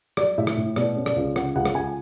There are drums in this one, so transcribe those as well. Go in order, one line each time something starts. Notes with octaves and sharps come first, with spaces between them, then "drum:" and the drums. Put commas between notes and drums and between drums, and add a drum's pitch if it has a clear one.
F#3 D5, drum: rim click
A2 E5
drum: rim click
A2
B2 D5, drum: rim click
C#4
D5, drum: rim click
C#2
C#3 F#5, drum: rim click
C#2 F#5
drum: rim click
C#2 G#5